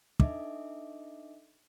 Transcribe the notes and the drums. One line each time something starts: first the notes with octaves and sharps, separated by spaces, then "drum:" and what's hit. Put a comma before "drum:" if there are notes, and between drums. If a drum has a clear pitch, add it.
D4 D#4 A4 D#5 E5 D6, drum: kick